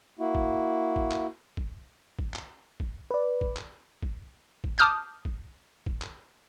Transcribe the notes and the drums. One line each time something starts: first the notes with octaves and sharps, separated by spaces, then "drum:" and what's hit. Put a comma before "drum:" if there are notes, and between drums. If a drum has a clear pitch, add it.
A#3 E4 F#4
drum: kick
drum: kick
drum: clap
drum: kick
drum: kick
drum: clap
drum: kick
B4 D5
drum: kick
drum: clap
drum: kick
drum: kick
A5 D6 D#6 F6 G6, drum: clap
drum: kick
drum: kick
drum: clap